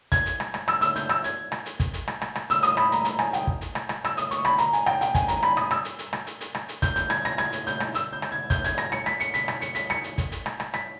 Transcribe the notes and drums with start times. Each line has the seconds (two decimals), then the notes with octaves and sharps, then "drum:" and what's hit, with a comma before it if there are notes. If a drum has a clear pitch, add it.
0.12 G#6, drum: kick, hi-hat
0.26 drum: hi-hat
0.40 drum: rim click
0.54 drum: rim click
0.68 E6, drum: rim click
0.81 E6, drum: hi-hat
0.96 G6, drum: hi-hat
1.09 E6, drum: rim click
1.24 G#6, drum: hi-hat
1.52 drum: rim click
1.66 drum: hi-hat
1.80 drum: kick, hi-hat
1.94 drum: hi-hat
2.08 drum: rim click
2.21 drum: rim click
2.35 drum: rim click
2.50 E6, drum: hi-hat
2.63 D#6, drum: hi-hat
2.77 B5, drum: rim click
2.92 A#5, drum: hi-hat
3.05 A#5, drum: hi-hat
3.19 G#5, drum: rim click
3.33 G5, drum: hi-hat
3.47 drum: kick
3.61 drum: hi-hat
3.75 drum: rim click
3.89 drum: rim click
4.04 E6, drum: rim click
4.17 D#6, drum: hi-hat
4.31 C#6, drum: hi-hat
4.45 B5, drum: rim click
4.58 A#5, drum: hi-hat
4.73 G#5, drum: hi-hat
4.86 G5, drum: rim click
5.01 G5, drum: hi-hat
5.15 G#5, drum: kick, hi-hat
5.28 A#5, drum: hi-hat
5.43 B5, drum: rim click
5.57 D#6, drum: rim click
5.71 E6, drum: rim click
5.85 drum: hi-hat
5.99 drum: hi-hat
6.13 drum: rim click
6.27 drum: hi-hat
6.41 drum: hi-hat
6.55 drum: rim click
6.69 drum: hi-hat
6.82 G6, drum: kick, hi-hat
6.96 G6, drum: hi-hat
7.10 G#6, drum: rim click
7.25 A#6, drum: rim click
7.38 G#6, drum: rim click
7.52 drum: hi-hat
7.67 G6, drum: hi-hat
7.80 drum: rim click
7.95 E6, drum: hi-hat
8.13 G6
8.22 drum: rim click
8.32 G#6
8.50 G6, drum: kick, hi-hat
8.65 G#6, drum: hi-hat
8.78 A#6, drum: rim click
8.92 C#7, drum: rim click
9.06 B6, drum: rim click
9.20 C#7, drum: hi-hat
9.34 B6, drum: hi-hat
9.48 drum: rim click
9.61 C#7, drum: hi-hat
9.75 B6, drum: hi-hat
9.90 C#7, drum: rim click
10.04 drum: hi-hat
10.18 drum: kick, hi-hat
10.32 drum: hi-hat
10.46 drum: rim click
10.60 drum: rim click
10.74 B6, drum: rim click